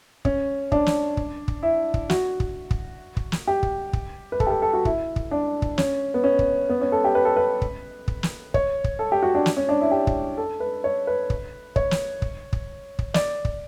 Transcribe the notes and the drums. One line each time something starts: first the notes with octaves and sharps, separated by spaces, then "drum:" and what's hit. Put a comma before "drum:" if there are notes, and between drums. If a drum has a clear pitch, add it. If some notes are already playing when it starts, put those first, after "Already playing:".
C#4, drum: kick
D4, drum: kick
drum: snare
drum: kick
drum: kick
E4
drum: kick
F#4, drum: snare
drum: kick
drum: kick
drum: kick
drum: snare
G4
drum: kick
drum: kick
B4
A4, drum: kick
G4
A4
A4
F#4
E4, drum: kick
drum: kick
D4
drum: kick
C#4, drum: snare
B3
C#4
drum: kick
B3
C#4
A4
G4
B4
A4
B4
drum: kick
drum: kick
drum: snare
C#5, drum: kick
drum: kick
A4
G4
F#4
D4
drum: snare
C#4
D4
E4
G4
drum: kick
A4
B4
C#5
B4
drum: kick
C#5, drum: kick
drum: snare
drum: kick
drum: kick
drum: kick
D5, drum: snare
drum: kick